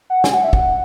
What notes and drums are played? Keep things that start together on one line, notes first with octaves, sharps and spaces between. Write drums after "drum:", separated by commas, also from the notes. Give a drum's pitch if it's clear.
F#5
G#5, drum: snare
F#5
E5
F#5, drum: kick